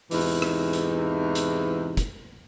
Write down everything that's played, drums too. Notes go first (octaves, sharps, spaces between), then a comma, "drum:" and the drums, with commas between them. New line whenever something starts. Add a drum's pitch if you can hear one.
E2 G#2 C3 E3 D#4, drum: open hi-hat
drum: rim click
drum: hi-hat
drum: hi-hat
drum: kick, hi-hat